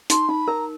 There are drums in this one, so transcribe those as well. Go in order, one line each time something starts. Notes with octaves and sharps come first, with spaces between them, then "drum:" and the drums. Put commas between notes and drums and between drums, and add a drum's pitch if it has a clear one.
D#4 C6, drum: hi-hat
D#4 B5
A#4 A#5